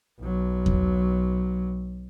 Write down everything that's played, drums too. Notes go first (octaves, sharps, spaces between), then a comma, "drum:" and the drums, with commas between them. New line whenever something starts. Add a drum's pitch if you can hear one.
B1 F#3
drum: kick E2